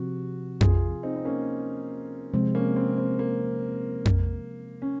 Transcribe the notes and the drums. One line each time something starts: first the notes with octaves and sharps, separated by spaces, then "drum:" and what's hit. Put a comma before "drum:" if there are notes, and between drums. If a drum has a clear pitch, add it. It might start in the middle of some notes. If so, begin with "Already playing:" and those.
Already playing: C3 F3 F#4
F4 G#4, drum: tom F2
C4 D#4
C4
A#3 C#4
C3 F3 G#3 C4
A#3 C#4
C4
C4
A#3
drum: tom F2
C#4